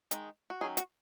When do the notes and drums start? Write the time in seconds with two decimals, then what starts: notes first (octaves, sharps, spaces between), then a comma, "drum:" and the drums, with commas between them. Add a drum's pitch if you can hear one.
0.11 D#3 G#3 D#4, drum: hi-hat
0.50 F#4
0.61 D#3 F#3 C#4 G#4
0.77 F#4, drum: hi-hat